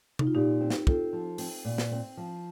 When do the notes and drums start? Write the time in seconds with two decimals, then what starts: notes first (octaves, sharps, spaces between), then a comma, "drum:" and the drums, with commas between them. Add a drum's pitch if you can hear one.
0.19 D#4, drum: tom
0.27 F4
0.35 A#2 D#4 G4
0.60 C4
0.70 drum: snare
0.87 C4 F4 A4, drum: kick
1.13 F3
1.38 C4, drum: open hi-hat
1.65 A#2
1.78 drum: snare
1.91 C4
2.17 F3